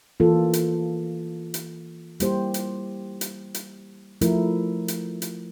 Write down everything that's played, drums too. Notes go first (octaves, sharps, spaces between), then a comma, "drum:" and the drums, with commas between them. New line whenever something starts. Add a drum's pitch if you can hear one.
E3 A#3 F4 A4
drum: hi-hat
drum: hi-hat
G3 A#3 E4 G4 C5, drum: hi-hat
drum: hi-hat
drum: hi-hat
drum: hi-hat
F3 A3 E4 A#4, drum: hi-hat
drum: hi-hat
drum: hi-hat